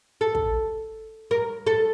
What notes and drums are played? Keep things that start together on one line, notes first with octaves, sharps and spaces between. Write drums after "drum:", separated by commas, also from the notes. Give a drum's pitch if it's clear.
A4
drum: kick
A#4
A4